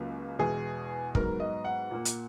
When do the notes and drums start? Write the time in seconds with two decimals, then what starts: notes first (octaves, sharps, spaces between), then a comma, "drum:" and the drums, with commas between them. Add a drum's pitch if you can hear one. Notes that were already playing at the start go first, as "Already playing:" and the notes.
Already playing: C#2 C#3 F#3 A#3
0.39 E2 B2 G#3 G#4
1.15 G#2 F#3 B3 A#4, drum: kick
1.40 D#5
1.65 F#5
1.91 A#2 A#3
2.05 drum: hi-hat